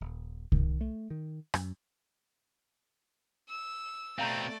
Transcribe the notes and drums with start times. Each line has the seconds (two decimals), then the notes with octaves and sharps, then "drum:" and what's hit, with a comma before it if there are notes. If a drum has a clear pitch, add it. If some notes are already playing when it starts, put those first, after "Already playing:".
0.01 D#1
0.52 D#3, drum: kick C2
0.81 A3
1.10 D#3
1.54 F#2, drum: rim click
3.49 E6
4.19 B2 A3 C4 D5 F5 A#5 G6